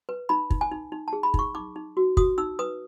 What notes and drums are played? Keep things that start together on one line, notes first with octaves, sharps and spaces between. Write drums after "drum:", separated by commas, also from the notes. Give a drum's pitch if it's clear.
B4
D#4 B5
D#4, drum: kick
G#5
D#4
D#4
A5
G#4
B5
D#4, drum: kick
C#6
D#4 D6
D#4
F#4
F#4 D#6, drum: kick
D#4 E6
B4 D#6